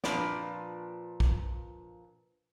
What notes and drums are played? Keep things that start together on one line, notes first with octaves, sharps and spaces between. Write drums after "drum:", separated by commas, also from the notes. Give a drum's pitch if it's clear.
A#2 F3 D4 B4 D5, drum: snare
drum: kick